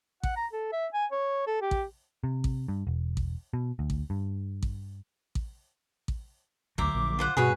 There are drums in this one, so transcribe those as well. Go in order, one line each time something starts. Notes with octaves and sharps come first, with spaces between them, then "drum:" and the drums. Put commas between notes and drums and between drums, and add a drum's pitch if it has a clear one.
F#5, drum: kick A1
A#5
A4
E5
G#5
C#5
A4
G4
drum: kick A1
C3
drum: kick A1
G2
E1
drum: kick A1
B2
D2
drum: kick A1
G2
drum: kick A1
drum: kick A1
drum: kick A1
D2 D3 F#3 A#4 C5 E5 D6, drum: kick A1
A#1
F4 C5 F#5
G2 B2 G3 A3 F#4 G#4 B4 C#5